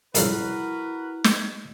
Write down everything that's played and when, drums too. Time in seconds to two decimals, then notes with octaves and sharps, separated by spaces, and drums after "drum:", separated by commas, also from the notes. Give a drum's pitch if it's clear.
0.15 C2 F2 C#3 E4 F#4 A#4 B4, drum: hi-hat
1.24 drum: snare